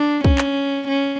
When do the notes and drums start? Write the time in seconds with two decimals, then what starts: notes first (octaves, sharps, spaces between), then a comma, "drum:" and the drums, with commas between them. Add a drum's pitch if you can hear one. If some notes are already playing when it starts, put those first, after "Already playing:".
Already playing: D4
0.24 C#4, drum: kick
0.38 drum: clap
0.88 C#4